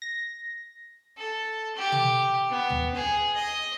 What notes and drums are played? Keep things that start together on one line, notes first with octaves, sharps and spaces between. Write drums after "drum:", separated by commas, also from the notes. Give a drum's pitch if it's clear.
A#6
A4
G4
drum: tom
B3
drum: tom
G#4
D#5